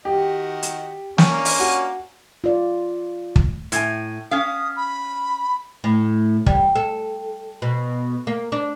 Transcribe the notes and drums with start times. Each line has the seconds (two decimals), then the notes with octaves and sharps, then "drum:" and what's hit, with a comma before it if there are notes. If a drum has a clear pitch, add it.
0.05 D#3 F#4 G4 D#5
0.63 drum: hi-hat
1.18 C#4 A5, drum: snare
1.32 A#3 D4
1.45 drum: open hi-hat
1.60 F#4
2.44 F4 D5
3.36 drum: kick
3.72 A2 G#5, drum: hi-hat
4.31 C#4 F5 D#6
4.76 B5
5.84 A2
6.46 G3, drum: kick
6.75 A4
7.62 B2
8.27 A#3
8.52 D4